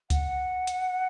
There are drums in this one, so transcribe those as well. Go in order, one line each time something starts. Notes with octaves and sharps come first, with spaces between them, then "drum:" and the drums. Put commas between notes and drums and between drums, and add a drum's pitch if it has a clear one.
F#5, drum: kick C#2, hi-hat
drum: hi-hat